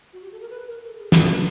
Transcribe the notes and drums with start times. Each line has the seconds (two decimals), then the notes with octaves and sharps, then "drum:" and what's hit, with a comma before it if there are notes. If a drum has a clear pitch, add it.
0.13 F#4
0.22 G4
0.32 A4
0.41 A#4
0.50 B4
0.69 A#4
0.87 A4
0.99 G#4
1.12 G4, drum: snare
1.24 B4